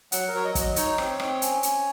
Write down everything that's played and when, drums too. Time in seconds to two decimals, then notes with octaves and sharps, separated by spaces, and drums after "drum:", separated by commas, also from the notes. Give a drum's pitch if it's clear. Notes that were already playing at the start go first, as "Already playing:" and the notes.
0.12 F#3 F#5, drum: hi-hat
0.28 A#4
0.33 F#3 C#5
0.45 D#5
0.55 F#3, drum: kick, hi-hat
0.60 D#5
0.76 D#4 C#5, drum: hi-hat
0.98 C4, drum: rim click
1.20 C4, drum: rim click
1.42 C#4, drum: hi-hat
1.63 C#4, drum: hi-hat